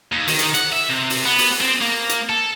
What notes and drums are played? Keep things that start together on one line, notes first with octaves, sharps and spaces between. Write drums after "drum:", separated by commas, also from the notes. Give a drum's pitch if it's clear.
D#2
D#3, drum: open hi-hat
drum: hi-hat
F#5, drum: hi-hat
E5
C3
drum: open hi-hat
B3
drum: open hi-hat
C4
A#3
drum: hi-hat
A4